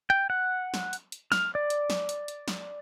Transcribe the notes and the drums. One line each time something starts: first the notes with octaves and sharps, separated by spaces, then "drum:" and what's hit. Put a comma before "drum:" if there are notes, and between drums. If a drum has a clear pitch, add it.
G5
F#5
drum: snare
drum: hi-hat
drum: hi-hat
F6, drum: snare
D5
drum: hi-hat
drum: snare
drum: hi-hat
drum: hi-hat
drum: snare